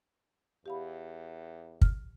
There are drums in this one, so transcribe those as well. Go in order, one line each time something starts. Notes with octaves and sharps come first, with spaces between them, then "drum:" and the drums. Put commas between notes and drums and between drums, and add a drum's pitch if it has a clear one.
E2 G4 F5 B5
F6, drum: kick